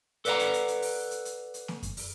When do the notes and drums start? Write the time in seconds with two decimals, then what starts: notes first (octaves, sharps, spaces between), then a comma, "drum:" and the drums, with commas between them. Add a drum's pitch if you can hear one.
0.25 A4 B4 D5 D#5 F#5 A#5, drum: hi-hat
0.39 drum: hi-hat
0.54 drum: hi-hat
0.68 drum: hi-hat
0.82 drum: open hi-hat
1.11 drum: hi-hat
1.25 drum: hi-hat
1.54 drum: hi-hat
1.68 drum: snare A#3
1.83 drum: kick F#2, hi-hat
1.97 drum: open hi-hat